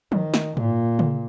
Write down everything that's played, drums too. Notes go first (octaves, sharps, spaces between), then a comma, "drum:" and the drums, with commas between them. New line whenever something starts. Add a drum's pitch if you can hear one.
D#3, drum: tom F3
drum: snare
A#2, drum: tom G#2
drum: tom C#3